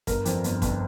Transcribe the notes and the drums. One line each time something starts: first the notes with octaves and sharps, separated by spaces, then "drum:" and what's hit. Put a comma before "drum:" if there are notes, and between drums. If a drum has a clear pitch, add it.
G1 A#4, drum: kick, hi-hat
F2, drum: hi-hat
G1, drum: hi-hat
G1, drum: kick, hi-hat